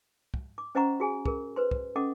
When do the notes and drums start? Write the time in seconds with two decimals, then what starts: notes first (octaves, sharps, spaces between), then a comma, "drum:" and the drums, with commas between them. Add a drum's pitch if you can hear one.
0.34 drum: kick
0.58 D6
0.75 C#4 C5 D#5 F#5 A#5 C#6
1.00 F#4 G#4 G#5
1.26 G#4 A#4, drum: kick
1.56 B4 C5 C6
1.71 drum: kick
1.96 C#4 A4 D#5 F#5 D6